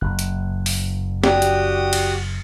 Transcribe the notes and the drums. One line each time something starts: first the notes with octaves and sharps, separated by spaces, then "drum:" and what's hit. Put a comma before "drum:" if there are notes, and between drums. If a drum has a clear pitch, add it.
F#1 F#6
drum: hi-hat
drum: open hi-hat
D4 F#4 G4 D5 G5 D#6, drum: snare
drum: hi-hat
drum: cymbal